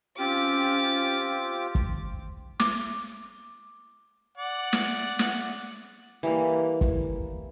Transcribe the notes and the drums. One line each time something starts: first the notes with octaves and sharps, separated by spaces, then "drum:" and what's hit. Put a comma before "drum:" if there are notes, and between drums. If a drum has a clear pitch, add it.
C4 C#4 F4 G4 D6
drum: kick
D6, drum: snare
D5 F#5
drum: snare
drum: snare
E3 G3 A#3
drum: kick